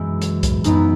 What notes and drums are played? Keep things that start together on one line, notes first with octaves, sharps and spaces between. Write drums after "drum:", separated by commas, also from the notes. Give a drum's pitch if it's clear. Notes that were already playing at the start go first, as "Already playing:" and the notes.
Already playing: F#2 B2 E3 G#3 B3 E4
drum: hi-hat
drum: kick C2, hi-hat
F#2 E3 B3 D#4, drum: hi-hat
E4